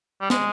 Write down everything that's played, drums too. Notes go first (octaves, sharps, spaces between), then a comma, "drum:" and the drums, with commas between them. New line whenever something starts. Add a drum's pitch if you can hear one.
G3
G#3, drum: snare